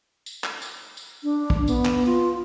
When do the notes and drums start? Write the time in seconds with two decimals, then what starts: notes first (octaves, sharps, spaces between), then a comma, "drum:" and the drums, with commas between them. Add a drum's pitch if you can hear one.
0.26 drum: tambourine
0.44 drum: clap
0.62 drum: tambourine
0.97 drum: tambourine
1.23 D4
1.50 drum: kick
1.68 B3, drum: tambourine
1.85 drum: clap
2.06 F4